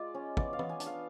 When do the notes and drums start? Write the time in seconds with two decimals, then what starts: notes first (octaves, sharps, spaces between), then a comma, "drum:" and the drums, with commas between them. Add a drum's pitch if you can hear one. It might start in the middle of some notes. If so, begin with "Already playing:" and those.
Already playing: G#3 F4 D5
0.14 C#4
0.37 B3 D5, drum: kick
0.53 F5
0.59 B3, drum: tom
0.69 G#5
0.80 D4, drum: hi-hat
0.86 F5